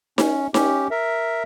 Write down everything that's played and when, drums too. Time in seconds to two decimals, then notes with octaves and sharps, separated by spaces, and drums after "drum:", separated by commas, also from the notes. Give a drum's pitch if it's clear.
0.18 C#4, drum: snare D#4
0.54 C#4 G4, drum: snare D#4
0.91 A#4 E5